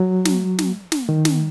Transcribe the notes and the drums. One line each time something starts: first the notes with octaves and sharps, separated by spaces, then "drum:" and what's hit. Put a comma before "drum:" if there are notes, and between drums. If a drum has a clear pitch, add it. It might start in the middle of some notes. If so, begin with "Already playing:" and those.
Already playing: F#3
drum: snare
drum: snare
drum: snare
D#3
drum: snare